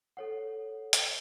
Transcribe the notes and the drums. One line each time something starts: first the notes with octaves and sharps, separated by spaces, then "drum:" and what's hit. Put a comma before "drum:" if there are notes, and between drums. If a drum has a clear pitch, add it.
A4 C#5 F#5
drum: hi-hat